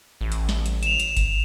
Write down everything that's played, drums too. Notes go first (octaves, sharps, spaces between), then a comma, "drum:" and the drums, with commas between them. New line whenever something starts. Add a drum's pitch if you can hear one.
A1
drum: hi-hat
drum: snare
drum: hi-hat
E7 F7, drum: hi-hat
drum: hi-hat
drum: kick G1, hi-hat